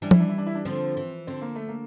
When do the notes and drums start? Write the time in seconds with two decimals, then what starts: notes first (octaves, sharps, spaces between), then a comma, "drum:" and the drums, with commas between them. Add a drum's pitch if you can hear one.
0.02 E3 G3 D4
0.11 E4, drum: tom F3
0.20 D4
0.29 E4
0.38 D4
0.47 E4
0.55 D4
0.65 D3 F3 C4
0.97 E3
1.27 D3 C4
1.42 A#3
1.56 A3
1.68 A#3